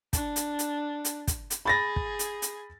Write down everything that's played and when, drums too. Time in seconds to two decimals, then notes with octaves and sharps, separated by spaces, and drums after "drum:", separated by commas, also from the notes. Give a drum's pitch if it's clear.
0.13 D4, drum: kick, hi-hat
0.36 drum: hi-hat
0.59 drum: hi-hat
1.05 drum: hi-hat
1.27 drum: kick, hi-hat
1.50 drum: hi-hat
1.65 G#4 B5 A6 A#6
1.96 drum: kick
2.19 drum: hi-hat
2.42 drum: hi-hat